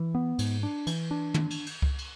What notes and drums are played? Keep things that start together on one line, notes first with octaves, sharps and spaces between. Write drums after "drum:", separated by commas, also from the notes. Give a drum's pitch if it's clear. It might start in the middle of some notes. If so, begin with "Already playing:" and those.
Already playing: E3
B3
G#2, drum: cymbal
D4
E3, drum: cymbal
D4
drum: tom
drum: cymbal
drum: cymbal
drum: kick C#2
drum: cymbal